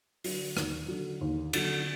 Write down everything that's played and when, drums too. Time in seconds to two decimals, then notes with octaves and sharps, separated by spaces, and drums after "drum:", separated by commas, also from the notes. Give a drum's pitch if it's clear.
0.24 D3 F#3, drum: open hi-hat
0.57 D#2, drum: rim click
0.88 D3 F#3
1.21 D#2
1.53 D3 F#3, drum: cymbal